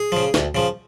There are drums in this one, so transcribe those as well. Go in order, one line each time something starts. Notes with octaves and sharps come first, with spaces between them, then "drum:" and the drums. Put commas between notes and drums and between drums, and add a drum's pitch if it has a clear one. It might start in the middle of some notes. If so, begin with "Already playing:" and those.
Already playing: G#4
C#3 F3
D2, drum: snare
C#3 F3